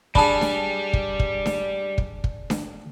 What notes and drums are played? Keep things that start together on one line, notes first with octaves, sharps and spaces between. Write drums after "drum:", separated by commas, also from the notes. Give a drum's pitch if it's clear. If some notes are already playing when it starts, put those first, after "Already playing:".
G3 D4 G#4 A5 B5, drum: kick
drum: snare D4
drum: kick
drum: kick
drum: snare D4
drum: kick
drum: kick
drum: snare D4